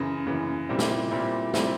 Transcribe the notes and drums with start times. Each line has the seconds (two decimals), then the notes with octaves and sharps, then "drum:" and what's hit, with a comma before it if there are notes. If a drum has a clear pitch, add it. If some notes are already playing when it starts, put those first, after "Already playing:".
Already playing: F#2 C#3 E3
0.27 F#2 C#3 E3
0.69 A#2 G3 C4 E4
0.79 drum: snare
1.11 A#2 G3 C4 E4
1.54 G3 C4 E4, drum: snare